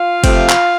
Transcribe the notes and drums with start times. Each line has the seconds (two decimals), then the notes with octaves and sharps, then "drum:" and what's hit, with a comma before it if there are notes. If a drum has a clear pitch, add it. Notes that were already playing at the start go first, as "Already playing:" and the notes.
Already playing: F4 F5
0.24 C3 F3 A3 C4, drum: kick, cymbal
0.49 drum: clap